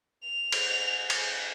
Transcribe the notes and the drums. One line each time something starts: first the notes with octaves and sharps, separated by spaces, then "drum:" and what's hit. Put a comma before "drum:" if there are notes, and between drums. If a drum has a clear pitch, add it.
F7
drum: cymbal
drum: cymbal